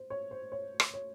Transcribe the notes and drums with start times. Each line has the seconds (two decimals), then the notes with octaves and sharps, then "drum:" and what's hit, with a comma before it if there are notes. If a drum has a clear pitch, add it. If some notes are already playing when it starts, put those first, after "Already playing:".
Already playing: C5
0.10 C#5
0.31 C5
0.52 C#5
0.80 drum: rim click
0.94 C#5